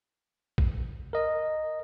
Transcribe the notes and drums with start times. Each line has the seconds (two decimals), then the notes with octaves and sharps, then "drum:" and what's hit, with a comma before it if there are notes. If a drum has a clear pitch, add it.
0.58 drum: kick A#1
1.13 A#4 D#5